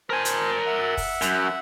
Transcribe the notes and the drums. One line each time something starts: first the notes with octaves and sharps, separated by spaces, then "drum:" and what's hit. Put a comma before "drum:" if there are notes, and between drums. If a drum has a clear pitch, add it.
A#4 C5 G#5 A5
drum: hi-hat
E5 F#5
drum: kick, open hi-hat
F#2, drum: hi-hat